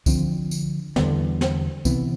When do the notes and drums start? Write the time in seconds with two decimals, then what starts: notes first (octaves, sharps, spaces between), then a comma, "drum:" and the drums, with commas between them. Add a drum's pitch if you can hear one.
0.06 D3 F3 C4, drum: kick C2, tambourine
0.51 drum: tambourine
0.96 E2 D3 G3 B3, drum: snare
1.41 drum: snare
1.85 C3 E3 B3, drum: kick C2, tambourine